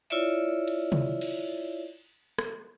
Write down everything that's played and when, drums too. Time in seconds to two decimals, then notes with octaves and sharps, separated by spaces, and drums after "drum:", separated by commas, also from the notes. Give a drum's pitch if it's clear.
0.10 E4 F4 C#5 D5 E5, drum: cymbal
0.68 drum: cymbal
0.92 drum: tom C3
1.21 drum: cymbal
2.38 drum: rim click